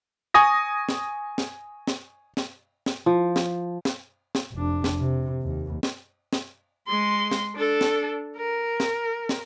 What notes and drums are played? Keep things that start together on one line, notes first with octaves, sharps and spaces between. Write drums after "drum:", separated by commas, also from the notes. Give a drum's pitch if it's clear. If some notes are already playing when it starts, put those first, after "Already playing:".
G#5 C#6 D#6 A#6
drum: snare
drum: snare
drum: snare
drum: snare
drum: snare
F3
drum: snare
drum: snare
drum: snare
F1 D4
drum: snare
C3
D#2
drum: snare
drum: snare
G#3 C6
drum: snare
D4 A4
drum: snare
A#4
drum: snare
drum: snare